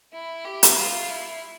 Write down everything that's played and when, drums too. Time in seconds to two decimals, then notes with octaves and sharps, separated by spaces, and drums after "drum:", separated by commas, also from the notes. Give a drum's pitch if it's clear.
0.13 E4
0.45 G4
0.63 drum: hi-hat
0.77 F4
1.09 E4